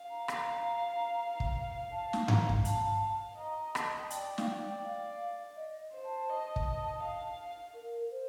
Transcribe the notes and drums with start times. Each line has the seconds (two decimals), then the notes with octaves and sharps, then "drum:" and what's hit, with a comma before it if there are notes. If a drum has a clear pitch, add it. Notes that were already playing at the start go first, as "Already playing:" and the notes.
Already playing: F5
0.10 A#5
0.28 A#5, drum: rim click
1.40 drum: kick
1.92 A5
2.13 drum: snare
2.28 A#5, drum: tom G2
2.49 drum: kick
2.65 F5 A5, drum: hi-hat
3.01 F5
3.38 D#5 A#5
3.75 A5, drum: rim click
4.03 A5
4.10 D5 G5, drum: hi-hat
4.38 F5, drum: snare
4.47 G5
4.84 F5
5.56 D#5
5.93 C5
6.05 A5
6.29 D#5
6.56 drum: kick
7.02 F5
7.74 A#4
8.11 C5